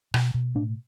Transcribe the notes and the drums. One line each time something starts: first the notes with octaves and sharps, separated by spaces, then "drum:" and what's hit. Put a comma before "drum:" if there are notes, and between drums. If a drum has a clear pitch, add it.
B2, drum: rim click
B2
A2 D4